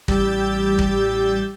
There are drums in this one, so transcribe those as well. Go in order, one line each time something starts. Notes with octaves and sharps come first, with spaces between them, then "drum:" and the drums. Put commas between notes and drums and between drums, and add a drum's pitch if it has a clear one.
A1 G3 G4 E6 G6 A6, drum: kick
drum: kick